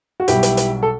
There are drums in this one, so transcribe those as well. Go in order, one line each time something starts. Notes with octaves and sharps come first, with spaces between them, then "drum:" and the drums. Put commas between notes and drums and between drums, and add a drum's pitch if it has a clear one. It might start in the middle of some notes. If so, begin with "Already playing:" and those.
F#4
B1 B2 G3 E4 G4, drum: hi-hat
drum: hi-hat
drum: hi-hat
A4